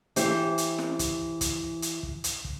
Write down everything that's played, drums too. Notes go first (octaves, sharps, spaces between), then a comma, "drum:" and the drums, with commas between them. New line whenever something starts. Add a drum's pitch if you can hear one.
E3 G4 C5, drum: hi-hat
drum: hi-hat
drum: snare
drum: kick, hi-hat
drum: kick, hi-hat
drum: hi-hat
drum: kick
drum: hi-hat
drum: kick